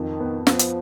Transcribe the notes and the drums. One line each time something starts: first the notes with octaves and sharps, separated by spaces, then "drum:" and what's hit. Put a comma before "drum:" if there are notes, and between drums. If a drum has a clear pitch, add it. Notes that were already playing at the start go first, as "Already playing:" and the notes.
Already playing: F2 D#3
B3
F3 B3, drum: snare
drum: hi-hat